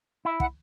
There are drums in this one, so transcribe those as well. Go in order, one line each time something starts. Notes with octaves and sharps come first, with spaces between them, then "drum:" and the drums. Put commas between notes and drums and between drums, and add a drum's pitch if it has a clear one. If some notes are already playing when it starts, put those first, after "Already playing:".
E4 E5
F#5, drum: kick